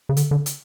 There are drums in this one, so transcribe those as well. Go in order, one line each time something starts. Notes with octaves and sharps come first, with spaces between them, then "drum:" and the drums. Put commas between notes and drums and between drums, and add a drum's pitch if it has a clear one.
C#3
D3, drum: hi-hat
D3
drum: hi-hat